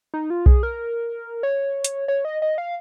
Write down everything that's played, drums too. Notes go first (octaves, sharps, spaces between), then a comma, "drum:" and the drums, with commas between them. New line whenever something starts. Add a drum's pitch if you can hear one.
D#4
F4
G#4, drum: kick B1
A#4
C#5
drum: hi-hat
C#5
D#5
D#5
F5